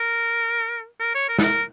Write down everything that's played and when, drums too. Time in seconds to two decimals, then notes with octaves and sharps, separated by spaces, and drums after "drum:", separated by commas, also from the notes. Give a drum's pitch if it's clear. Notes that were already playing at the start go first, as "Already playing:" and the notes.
Already playing: A#4
1.00 A#4
1.15 C#5
1.29 A#4
1.39 A4, drum: snare
1.43 A#4